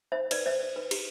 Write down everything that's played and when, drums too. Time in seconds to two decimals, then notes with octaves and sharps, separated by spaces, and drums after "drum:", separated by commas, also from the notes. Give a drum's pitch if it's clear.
0.12 C5 E5
0.31 B4 D5, drum: cymbal
0.46 C5 E5
0.76 B4
0.91 G4, drum: cymbal